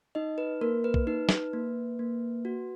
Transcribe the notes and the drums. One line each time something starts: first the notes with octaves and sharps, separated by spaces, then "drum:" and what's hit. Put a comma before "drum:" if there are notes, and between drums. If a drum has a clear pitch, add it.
D#4 D#5
B4
A#3 A#4
B4
drum: kick
D#4 B4
drum: snare
A#3
A#3
F#4